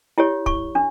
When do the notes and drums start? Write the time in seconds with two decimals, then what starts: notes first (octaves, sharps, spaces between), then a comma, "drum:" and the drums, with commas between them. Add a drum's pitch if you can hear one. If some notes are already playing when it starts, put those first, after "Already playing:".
0.18 E4 G4 C#5
0.46 C#6, drum: kick
0.75 D4